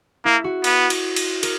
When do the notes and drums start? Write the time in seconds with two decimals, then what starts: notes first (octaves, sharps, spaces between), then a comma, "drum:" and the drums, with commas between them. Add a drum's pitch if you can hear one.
0.25 A#3 E4
0.44 F#4
0.64 B3, drum: cymbal
0.90 drum: cymbal
1.16 drum: cymbal
1.43 A#4, drum: cymbal